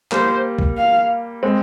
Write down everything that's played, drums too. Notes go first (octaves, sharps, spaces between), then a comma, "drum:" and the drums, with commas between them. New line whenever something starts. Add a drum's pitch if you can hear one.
G3 A#3 C5, drum: clap
drum: kick
F5
G#3 C4